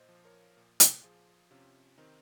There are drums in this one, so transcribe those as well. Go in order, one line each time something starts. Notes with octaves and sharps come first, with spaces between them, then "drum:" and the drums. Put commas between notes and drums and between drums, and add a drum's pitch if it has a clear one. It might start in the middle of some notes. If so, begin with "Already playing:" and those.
Already playing: A#2 C5 D#5
F3
A#4 C#5
A#2
drum: hi-hat
F3 F4 G#4
C3 C#4 F4
D#3 C4 D#4